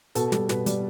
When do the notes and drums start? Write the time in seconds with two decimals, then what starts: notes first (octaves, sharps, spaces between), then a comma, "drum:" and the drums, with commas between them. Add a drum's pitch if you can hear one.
0.15 B2 A4, drum: hi-hat
0.32 G3 A4, drum: snare
0.49 B2 B4, drum: snare
0.66 G3 D5, drum: hi-hat